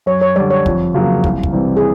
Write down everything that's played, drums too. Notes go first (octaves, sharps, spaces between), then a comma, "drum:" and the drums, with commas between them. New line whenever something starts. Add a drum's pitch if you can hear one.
F#2 C#5
C#5
D3 G3 D5
C#5
F2, drum: kick
C#3 F#3 A#3
C2, drum: kick
drum: kick
C3 E3 G3
G#4